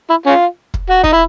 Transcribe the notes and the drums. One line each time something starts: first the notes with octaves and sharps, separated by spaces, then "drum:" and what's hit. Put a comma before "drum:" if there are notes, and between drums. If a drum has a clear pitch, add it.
E4
C#4 F4
drum: kick
F#4
D#4, drum: kick
E4